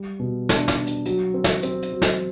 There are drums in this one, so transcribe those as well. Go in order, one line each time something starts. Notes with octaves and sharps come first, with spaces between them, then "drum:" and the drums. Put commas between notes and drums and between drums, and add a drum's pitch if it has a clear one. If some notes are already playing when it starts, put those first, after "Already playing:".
Already playing: G3
B2
D4, drum: snare
drum: snare
D4
drum: hi-hat
F#3, drum: hi-hat
C4
drum: snare
C4, drum: hi-hat
drum: hi-hat
F#3
drum: snare